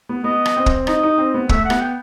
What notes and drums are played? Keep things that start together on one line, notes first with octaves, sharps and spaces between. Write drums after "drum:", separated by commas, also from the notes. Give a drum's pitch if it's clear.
B3
B3 D#5
drum: rim click
C4
drum: kick
D#4 D#5, drum: rim click
D#4
C4
B3
A3 E5, drum: kick
F#5
B3, drum: rim click
G5